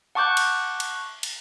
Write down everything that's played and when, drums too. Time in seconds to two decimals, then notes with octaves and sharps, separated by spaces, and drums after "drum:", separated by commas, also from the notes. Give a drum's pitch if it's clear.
0.15 F#5 A5 C#6 D6 F#6 G6
0.37 drum: cymbal
0.80 drum: cymbal
1.23 drum: cymbal